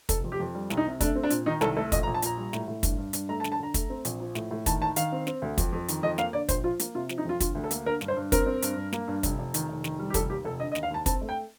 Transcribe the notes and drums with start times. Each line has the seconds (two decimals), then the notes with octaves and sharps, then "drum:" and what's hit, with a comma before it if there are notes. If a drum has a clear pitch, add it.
0.09 F1 A4, drum: kick, hi-hat
0.24 F2
0.32 G4
0.40 F2
0.55 G3
0.70 C2, drum: snare
0.77 D#4
0.85 C3
1.01 A3 D4, drum: kick, hi-hat
1.15 C4
1.23 D4
1.30 A#2, drum: hi-hat
1.46 D#3 D#4
1.61 C2 A4, drum: snare
1.77 A3 A4
1.92 A#1 D#5, drum: kick, hi-hat
2.03 A#5
2.07 A#1
2.14 A5
2.22 A#2 A#5, drum: hi-hat
2.37 G3
2.53 A2, drum: snare
2.68 A2
2.83 G2, drum: kick, hi-hat
2.98 G2
3.13 G2, drum: hi-hat
3.29 A3 A#5
3.40 A5
3.44 D3, drum: snare
3.52 A5
3.60 D3 A#5
3.74 A3, drum: kick, hi-hat
3.90 C4
4.05 A#1, drum: hi-hat
4.20 F3
4.35 A2, drum: snare
4.51 A2
4.66 D#3 A5, drum: kick, hi-hat
4.81 D#3 A5
4.96 D#3 F5, drum: hi-hat
5.12 C4
5.27 C4, drum: snare
5.42 D2
5.58 F2, drum: kick, hi-hat
5.73 F2
5.88 D#3, drum: hi-hat
6.03 F2 D#5
6.18 A#3 F5, drum: snare
6.33 D3 D5
6.49 A#1 C5, drum: kick, hi-hat
6.64 F3 F4
6.80 A#3, drum: hi-hat
6.95 C3 F4
7.09 F3, drum: snare
7.18 D#4
7.25 F2 F4
7.40 D3 F4, drum: kick, hi-hat
7.55 D2
7.64 A4
7.71 A#3, drum: hi-hat
7.86 D3 A#4
8.01 G2, drum: snare
8.08 C5
8.17 G2
8.32 C4 A#4, drum: kick, hi-hat
8.46 C4
8.62 G2, drum: hi-hat
8.77 G2
8.93 A#3, drum: snare
9.08 G2
9.23 F1, drum: kick, hi-hat
9.39 F1
9.54 D#3, drum: hi-hat
9.69 F1
9.84 D#3, drum: snare
9.99 G3
10.10 G4
10.14 F1 A4, drum: kick, hi-hat
10.30 D#2 G4
10.45 F1 A4
10.60 D3 D#5
10.72 D#5
10.75 D#2, drum: snare
10.83 F5
10.90 D#2 A5
11.06 C4 A5, drum: kick, hi-hat
11.21 A3
11.29 G5